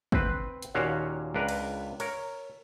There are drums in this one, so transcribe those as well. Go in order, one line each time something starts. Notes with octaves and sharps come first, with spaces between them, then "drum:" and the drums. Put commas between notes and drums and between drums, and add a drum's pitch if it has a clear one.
C4 B4, drum: kick
drum: hi-hat
D#2 A#2 C#4 F#4 C#5 F5
C#2 D4 A#4 B4
drum: cymbal
A#4 C#5, drum: cymbal